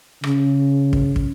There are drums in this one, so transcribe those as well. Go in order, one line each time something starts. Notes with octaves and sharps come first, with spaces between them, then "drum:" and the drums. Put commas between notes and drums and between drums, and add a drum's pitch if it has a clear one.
C#3, drum: rim click
drum: kick
drum: kick